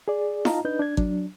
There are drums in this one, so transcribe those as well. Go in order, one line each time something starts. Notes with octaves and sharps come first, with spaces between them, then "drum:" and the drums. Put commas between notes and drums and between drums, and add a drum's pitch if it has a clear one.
G#4 D5
D#4 F4 D#5 F5 A5 A#5, drum: snare E4
D4 D#4 B4 D#5 G6
D4 G#6
F#3 D4, drum: kick